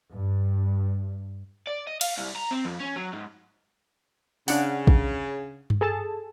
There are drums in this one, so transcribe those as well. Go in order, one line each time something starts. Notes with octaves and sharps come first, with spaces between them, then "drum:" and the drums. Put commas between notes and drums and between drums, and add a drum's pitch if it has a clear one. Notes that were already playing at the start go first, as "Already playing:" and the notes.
G2
D5
D#5
F5, drum: cymbal
C2
A#5
C4
F2
C#4
F#3
G#2
C#3 D4 F#5, drum: open hi-hat
drum: kick
drum: tom G2
G#4 A4 A5